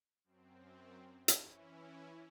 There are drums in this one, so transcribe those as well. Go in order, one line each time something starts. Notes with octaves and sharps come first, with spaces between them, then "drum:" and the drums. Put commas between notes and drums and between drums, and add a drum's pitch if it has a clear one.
F#2 C4
E3 C#4 E4, drum: hi-hat